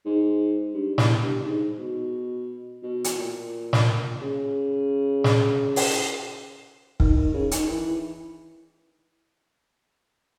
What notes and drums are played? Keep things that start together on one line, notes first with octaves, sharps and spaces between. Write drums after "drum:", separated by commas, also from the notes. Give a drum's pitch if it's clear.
G#2
G2
E2, drum: snare
G2
G#2
B2
B2
drum: hi-hat
A#2
drum: snare
C#3
drum: snare
drum: open hi-hat
D#3, drum: kick
D#3
C#3
D#3, drum: hi-hat
E3